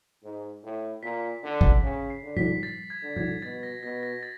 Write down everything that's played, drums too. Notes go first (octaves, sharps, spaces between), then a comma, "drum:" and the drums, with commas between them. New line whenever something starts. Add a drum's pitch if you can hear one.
G#2
A2
A#2 B6
D3
drum: kick G#1
C#3
C7
D3
B6, drum: tom G3
A6
G#6
D3
G#6, drum: tom G3
B2 A6
A#6
B2 A#6
A#6
A6